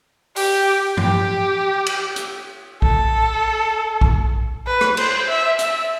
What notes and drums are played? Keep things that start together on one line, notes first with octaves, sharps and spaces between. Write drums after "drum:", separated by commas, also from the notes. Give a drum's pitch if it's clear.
G4, drum: open hi-hat
G4, drum: tom G2
drum: cymbal
drum: hi-hat
A4, drum: kick A#1
drum: kick A#1
B4
drum: rim click
C5, drum: cymbal
E5
E5, drum: hi-hat